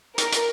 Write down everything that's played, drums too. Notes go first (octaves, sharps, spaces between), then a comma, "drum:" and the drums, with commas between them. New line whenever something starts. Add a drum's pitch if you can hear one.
A#4, drum: hi-hat
drum: hi-hat